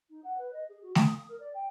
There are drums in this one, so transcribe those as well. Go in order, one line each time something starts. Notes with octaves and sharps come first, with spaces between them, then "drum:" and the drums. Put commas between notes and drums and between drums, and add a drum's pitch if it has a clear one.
D#4
F#5
B4
D#5
G#4
F#4
D#6, drum: snare
D#6
A#4
D5
G5